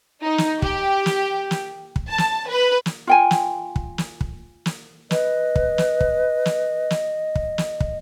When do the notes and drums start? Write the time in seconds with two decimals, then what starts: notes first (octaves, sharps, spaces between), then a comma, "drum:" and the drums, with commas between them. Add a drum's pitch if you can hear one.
0.22 D#4
0.38 drum: snare
0.62 G4, drum: kick
1.06 drum: snare
1.51 drum: snare
1.96 drum: kick
2.09 A5
2.18 drum: snare
2.48 B4
2.86 drum: snare
3.07 F4 G5 G#5
3.31 drum: snare
3.76 drum: kick
3.98 drum: snare
4.21 drum: kick
4.66 drum: snare
5.11 B4 D#5, drum: snare
5.56 drum: kick
5.78 drum: snare
6.01 drum: kick
6.46 drum: snare
6.91 drum: snare
7.35 drum: kick
7.58 drum: snare
7.80 drum: kick